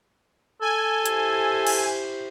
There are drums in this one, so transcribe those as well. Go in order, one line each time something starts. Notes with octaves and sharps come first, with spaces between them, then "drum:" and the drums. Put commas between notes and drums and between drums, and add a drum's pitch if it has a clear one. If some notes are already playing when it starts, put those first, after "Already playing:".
A4 G#5
E4 G4 C5, drum: hi-hat
drum: cymbal